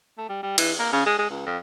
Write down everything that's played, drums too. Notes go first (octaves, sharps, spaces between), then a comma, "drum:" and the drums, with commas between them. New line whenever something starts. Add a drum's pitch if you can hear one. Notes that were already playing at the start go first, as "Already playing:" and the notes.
A3
G3
G3
E3, drum: cymbal
A#3
C#3
G#3
G#3
C#2
F2